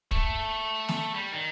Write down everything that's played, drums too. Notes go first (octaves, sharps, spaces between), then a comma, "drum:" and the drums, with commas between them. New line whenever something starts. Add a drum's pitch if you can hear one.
A3, drum: kick
drum: snare
G3
D#3